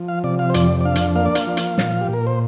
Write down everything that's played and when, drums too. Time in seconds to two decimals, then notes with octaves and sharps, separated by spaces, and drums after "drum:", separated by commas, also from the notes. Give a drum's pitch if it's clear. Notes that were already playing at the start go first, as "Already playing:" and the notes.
Already playing: F3
0.08 F5
0.24 C3 D5
0.39 F5
0.50 C5
0.54 F2 D5, drum: hi-hat
0.81 D5
0.85 D4 F5
0.95 drum: hi-hat
1.15 A#3 F5
1.26 D5
1.35 F5, drum: hi-hat
1.47 F3
1.57 drum: hi-hat
1.78 A#2, drum: snare
2.01 G4
2.08 A#2
2.13 A#4
2.27 C5